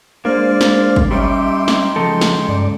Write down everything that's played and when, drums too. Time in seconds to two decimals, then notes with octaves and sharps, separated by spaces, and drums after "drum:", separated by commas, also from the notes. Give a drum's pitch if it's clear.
0.25 G#3 A#3 D4 C5 D5 F5
0.61 drum: snare
0.96 drum: kick
1.11 G3 C#4 D#4 E5 G5 C6 D6
1.68 drum: snare
1.96 C#3 F3 G#3 A4
2.21 drum: snare
2.48 G2 D5